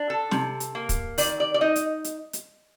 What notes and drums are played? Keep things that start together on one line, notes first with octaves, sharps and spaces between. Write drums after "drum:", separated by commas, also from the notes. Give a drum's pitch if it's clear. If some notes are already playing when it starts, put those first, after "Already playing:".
Already playing: D4
A4
C3, drum: snare
drum: hi-hat
A#3
drum: kick, hi-hat
D#3 D5, drum: open hi-hat
D5
D5
D#4 D#5
drum: hi-hat
drum: hi-hat
drum: hi-hat